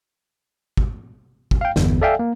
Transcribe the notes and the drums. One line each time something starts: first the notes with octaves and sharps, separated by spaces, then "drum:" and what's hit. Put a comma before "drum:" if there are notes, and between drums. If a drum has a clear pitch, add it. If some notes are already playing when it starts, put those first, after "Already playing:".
drum: kick
drum: kick
F5 G5
G1 E2, drum: snare
A4 D5 E5 F5 G5 G#5
A#3